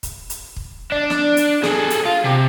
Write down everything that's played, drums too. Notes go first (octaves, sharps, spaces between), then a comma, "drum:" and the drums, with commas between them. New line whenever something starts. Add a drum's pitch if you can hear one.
drum: kick, hi-hat
drum: hi-hat
drum: kick
D4
drum: snare
drum: hi-hat
G#4 A4, drum: snare
drum: hi-hat
F4
C3